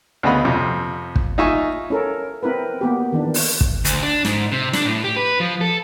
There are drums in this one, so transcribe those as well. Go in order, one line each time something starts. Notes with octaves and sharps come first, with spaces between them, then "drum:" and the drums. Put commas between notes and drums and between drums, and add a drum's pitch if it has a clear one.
D2 C#3 B3 D#5 F5 B5
F2 C3
drum: kick
D#4 F4 E5 G#5 C#6
C#4 E4 A4 A#4 C#5
C4 E4 A#4 B4
A#3 B3 G4
D#3 E3 D4
A#4
drum: open hi-hat
drum: kick
D2, drum: hi-hat
D4
G#2, drum: snare
C3
D4, drum: snare
A2
G4
B4
F3
A4